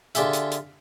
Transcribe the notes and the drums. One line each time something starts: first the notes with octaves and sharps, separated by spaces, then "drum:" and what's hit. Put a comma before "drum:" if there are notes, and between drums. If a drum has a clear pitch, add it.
D3 F4 G4 G#4 E5, drum: hi-hat
drum: hi-hat
drum: hi-hat